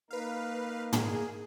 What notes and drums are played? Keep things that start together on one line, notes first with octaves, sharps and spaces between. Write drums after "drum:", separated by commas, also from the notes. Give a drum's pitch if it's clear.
A#3 D#4 A#4 B4 F5
G#4, drum: tom